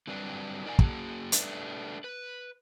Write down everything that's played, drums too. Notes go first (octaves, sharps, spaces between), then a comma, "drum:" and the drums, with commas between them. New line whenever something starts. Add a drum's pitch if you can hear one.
D3 F#3 G3 C4 D4 B4
D#4 A#4 D5 F5 G#5
A#3 F#4 G#4 G#5 A5, drum: kick
A3 D4 B4, drum: hi-hat
B4